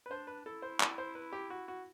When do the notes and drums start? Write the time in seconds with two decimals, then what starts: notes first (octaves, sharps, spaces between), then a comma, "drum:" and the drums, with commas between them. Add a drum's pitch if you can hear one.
0.06 B4
0.10 D4 C5
0.27 B4
0.45 E4 A4
0.62 C5
0.80 D5, drum: clap
0.98 C5
1.15 B4
1.32 G4
1.50 F#4
1.68 F#4